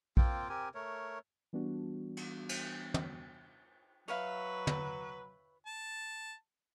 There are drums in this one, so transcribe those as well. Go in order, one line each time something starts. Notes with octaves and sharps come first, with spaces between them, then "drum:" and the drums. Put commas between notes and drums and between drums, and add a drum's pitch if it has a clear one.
A#3 C4 F4 G5, drum: kick A#1
C4 G4 A#4 G#5
A3 A#4 C#5
E3 G3 B3 D4 F#4
drum: cymbal
drum: cymbal
drum: tom
F#3 B4 C#5 E5 F5
drum: tom
A5